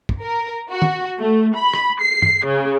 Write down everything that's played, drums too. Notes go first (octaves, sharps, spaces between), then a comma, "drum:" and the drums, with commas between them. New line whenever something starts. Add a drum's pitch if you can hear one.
drum: kick
A#4
F#4
drum: tom
A3
B5
drum: rim click
C7
drum: tom
C#3